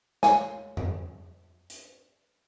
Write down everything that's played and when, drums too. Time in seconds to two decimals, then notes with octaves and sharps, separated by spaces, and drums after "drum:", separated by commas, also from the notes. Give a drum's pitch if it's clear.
0.23 C#5 F5 G#5, drum: snare
0.77 drum: tom F2
1.70 drum: hi-hat